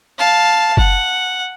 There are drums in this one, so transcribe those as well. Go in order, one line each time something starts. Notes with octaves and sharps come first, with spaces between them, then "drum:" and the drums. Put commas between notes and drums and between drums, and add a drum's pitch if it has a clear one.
F5 A5
F#5, drum: kick F#1